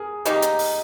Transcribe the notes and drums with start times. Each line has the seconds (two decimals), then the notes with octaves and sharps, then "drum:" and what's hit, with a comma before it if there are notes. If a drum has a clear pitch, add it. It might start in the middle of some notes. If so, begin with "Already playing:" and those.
Already playing: G#4 A#4
0.25 D#3 A#3 D#4 G4, drum: hi-hat
0.42 drum: hi-hat
0.59 drum: open hi-hat